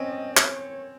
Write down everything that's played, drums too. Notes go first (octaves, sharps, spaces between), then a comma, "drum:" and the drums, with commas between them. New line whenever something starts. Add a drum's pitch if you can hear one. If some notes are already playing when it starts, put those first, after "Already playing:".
Already playing: C4 C#4 D#5
C#5, drum: clap